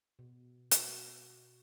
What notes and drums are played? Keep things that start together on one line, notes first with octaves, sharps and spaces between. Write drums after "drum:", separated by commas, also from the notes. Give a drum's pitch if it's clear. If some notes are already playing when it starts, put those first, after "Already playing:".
B2
F#4, drum: hi-hat